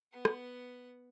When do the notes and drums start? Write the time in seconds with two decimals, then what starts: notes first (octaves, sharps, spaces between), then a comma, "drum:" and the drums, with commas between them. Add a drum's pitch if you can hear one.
0.13 B3 F#5
0.25 drum: rim click